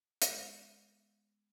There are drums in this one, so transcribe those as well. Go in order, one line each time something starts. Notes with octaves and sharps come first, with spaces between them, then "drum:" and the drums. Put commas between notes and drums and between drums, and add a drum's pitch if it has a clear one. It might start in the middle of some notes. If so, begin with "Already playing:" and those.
G#3 B3 F#6, drum: hi-hat